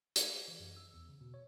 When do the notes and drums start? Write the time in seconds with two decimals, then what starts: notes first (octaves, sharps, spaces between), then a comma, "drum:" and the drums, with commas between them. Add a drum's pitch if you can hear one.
0.16 G#6, drum: hi-hat
0.32 G#4
0.48 E3
0.60 F#2
0.77 E6
0.94 E2
1.09 C#3
1.21 B2
1.34 C#5